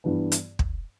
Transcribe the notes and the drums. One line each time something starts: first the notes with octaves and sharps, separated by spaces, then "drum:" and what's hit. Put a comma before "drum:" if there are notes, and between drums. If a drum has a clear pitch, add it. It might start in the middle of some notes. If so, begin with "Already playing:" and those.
G2 E3 B3
drum: hi-hat
drum: kick